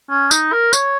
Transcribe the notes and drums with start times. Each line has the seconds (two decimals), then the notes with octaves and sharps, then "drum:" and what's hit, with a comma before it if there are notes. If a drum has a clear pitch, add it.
0.10 C#4
0.31 D#4, drum: tambourine
0.52 A#4
0.73 C#5, drum: tambourine